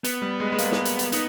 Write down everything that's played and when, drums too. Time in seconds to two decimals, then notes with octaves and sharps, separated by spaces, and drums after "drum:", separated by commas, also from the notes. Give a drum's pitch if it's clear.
0.04 B3, drum: hi-hat
0.22 G3
0.40 G#3
0.52 G#3
0.58 A#3, drum: hi-hat
0.72 drum: snare
0.85 drum: hi-hat
0.99 drum: hi-hat
1.12 B3 D#4, drum: hi-hat